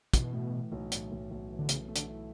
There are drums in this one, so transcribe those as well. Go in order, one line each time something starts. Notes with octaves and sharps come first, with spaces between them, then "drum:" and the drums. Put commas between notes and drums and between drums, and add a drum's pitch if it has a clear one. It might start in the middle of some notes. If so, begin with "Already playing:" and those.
B2 E3, drum: kick, hi-hat
A2
E3
B1
A2, drum: hi-hat
B1
B1
E3
D3
C#3 A3, drum: hi-hat
A3
D3, drum: hi-hat
E4